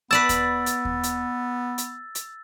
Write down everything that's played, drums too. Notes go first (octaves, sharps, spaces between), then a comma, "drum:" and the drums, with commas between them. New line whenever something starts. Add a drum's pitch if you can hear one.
B3 B4 D5 A5 E6 A6
drum: kick D#2, hi-hat
drum: hi-hat
drum: kick D#2
drum: hi-hat
drum: hi-hat
drum: hi-hat